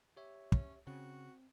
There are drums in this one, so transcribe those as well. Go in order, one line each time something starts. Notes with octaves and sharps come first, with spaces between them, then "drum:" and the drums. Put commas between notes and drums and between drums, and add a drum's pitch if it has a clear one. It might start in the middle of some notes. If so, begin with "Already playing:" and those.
G4 C#5 E5
C#4, drum: kick
C#3 C4 F#4